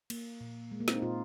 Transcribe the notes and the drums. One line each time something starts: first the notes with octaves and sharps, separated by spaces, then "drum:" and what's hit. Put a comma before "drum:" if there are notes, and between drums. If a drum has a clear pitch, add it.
A#3, drum: cymbal
A#2
G#3
A#3
C4, drum: snare
D#4
A#2 F4